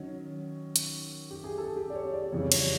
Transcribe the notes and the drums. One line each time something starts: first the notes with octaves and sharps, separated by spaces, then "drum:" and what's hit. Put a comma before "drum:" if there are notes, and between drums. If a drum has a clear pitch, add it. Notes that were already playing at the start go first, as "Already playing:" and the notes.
Already playing: D#3 F#3 C#4
drum: hi-hat
G4
G#4
A4
G4
D5
C#5
D5
F2 C#3 E3 G3 C#5
C#5, drum: cymbal